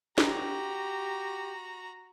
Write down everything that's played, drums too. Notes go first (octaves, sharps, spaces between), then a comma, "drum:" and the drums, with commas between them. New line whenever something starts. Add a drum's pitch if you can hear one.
F#4 G4 A#5, drum: snare